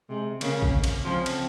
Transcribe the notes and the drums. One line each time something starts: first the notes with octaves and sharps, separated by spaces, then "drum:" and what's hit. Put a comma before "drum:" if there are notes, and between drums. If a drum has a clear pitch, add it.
C3 G#3
C#3 A#3, drum: cymbal
drum: kick
drum: cymbal
C#3 F3 C4
drum: cymbal